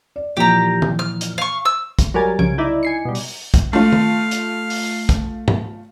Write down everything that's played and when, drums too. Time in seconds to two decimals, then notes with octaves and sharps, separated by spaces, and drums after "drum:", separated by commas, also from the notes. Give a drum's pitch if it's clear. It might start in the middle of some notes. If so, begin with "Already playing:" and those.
0.16 D5
0.37 A#2 E3 F3 G4 A#5
0.82 drum: tom
0.99 F6
1.21 drum: hi-hat
1.38 F5 C#6
1.65 E6
1.99 drum: kick A#1, hi-hat
2.14 F#3 G3 A#4 G#5 A6
2.39 C2 C#3 G#6 D7, drum: tom
2.58 D#4 E4 D5
2.83 G#5 C7 C#7
3.05 B2 G3
3.15 drum: open hi-hat
3.54 drum: kick A#1, hi-hat
3.73 A3 F4 F5
3.93 drum: tom
4.31 drum: hi-hat
4.70 drum: open hi-hat
5.09 drum: kick A#1, hi-hat
5.48 drum: tom G#2